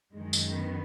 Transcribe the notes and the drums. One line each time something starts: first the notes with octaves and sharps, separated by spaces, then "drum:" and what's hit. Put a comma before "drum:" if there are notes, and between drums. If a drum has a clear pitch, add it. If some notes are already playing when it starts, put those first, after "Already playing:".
F#2 D#3 G#3
drum: tambourine
B3